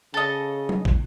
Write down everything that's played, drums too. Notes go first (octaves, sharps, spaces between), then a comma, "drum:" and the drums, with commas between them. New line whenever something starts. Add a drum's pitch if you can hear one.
C#3 A4 D#5
drum: tom F#3
drum: kick